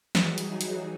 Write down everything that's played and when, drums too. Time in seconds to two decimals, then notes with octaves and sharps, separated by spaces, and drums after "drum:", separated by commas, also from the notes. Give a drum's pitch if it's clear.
0.15 E3 F#3 G3 D#4 F#4 G#4, drum: snare
0.38 drum: hi-hat
0.61 drum: hi-hat